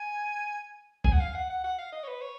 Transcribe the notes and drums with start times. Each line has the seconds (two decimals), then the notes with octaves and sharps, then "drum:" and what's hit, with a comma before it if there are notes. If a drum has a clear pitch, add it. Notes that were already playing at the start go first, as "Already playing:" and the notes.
Already playing: G#5
1.05 G#5, drum: kick C#2
1.13 F#5
1.20 F5
1.35 F#5
1.50 F#5
1.64 F#5
1.78 F5
1.92 D#5
2.03 C#5
2.08 B4
2.21 C#5